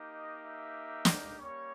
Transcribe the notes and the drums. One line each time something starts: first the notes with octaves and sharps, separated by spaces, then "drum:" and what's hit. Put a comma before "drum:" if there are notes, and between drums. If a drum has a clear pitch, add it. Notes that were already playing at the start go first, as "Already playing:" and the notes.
Already playing: A#3 D#4 G4
D#5
E5
drum: snare
G3 A#3 C#4 G4 C#5